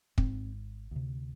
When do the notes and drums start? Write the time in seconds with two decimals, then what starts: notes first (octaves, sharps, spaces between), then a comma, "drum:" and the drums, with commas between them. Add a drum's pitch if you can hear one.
0.18 G#1 G#2 C4, drum: kick
0.91 D2 C3